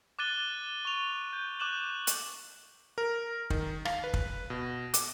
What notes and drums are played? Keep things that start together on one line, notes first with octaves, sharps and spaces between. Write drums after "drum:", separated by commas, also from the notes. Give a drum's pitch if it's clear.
D6 F#6 A6 D#7 G7
C#6 F7
G6
D6 F#6 E7 F#7
drum: hi-hat
A#4
D#3, drum: kick
F5, drum: rim click
B4
drum: kick
B2
D6, drum: hi-hat